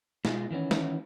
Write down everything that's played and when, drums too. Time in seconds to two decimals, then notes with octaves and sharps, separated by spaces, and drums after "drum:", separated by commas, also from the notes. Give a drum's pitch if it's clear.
0.25 B2 G#3 F4 G#4, drum: snare
0.51 D#3 E3 B3 C#4
0.71 drum: snare